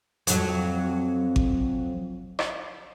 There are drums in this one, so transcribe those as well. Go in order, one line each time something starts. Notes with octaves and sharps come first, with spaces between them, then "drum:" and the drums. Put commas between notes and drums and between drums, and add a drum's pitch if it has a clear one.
F2 F#3, drum: hi-hat
drum: kick G#1
drum: rim click